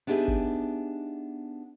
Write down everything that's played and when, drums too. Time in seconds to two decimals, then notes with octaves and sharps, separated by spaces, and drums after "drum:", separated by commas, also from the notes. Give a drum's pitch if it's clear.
0.07 B3 D4 D#4 G4 G#4 E5
0.28 drum: kick